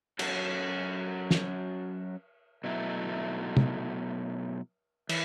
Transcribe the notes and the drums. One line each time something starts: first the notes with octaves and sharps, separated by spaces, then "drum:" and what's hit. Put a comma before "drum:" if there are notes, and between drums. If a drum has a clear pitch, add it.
F#3 C#4 F#4 A4, drum: cymbal
drum: snare
B2 F#3 A3 E4
drum: tom
E3, drum: cymbal